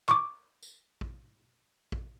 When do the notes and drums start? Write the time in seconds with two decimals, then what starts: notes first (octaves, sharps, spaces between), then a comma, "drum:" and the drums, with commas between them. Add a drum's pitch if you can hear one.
0.09 C#6 D6, drum: clap
0.63 drum: tambourine
1.01 drum: kick
1.92 drum: kick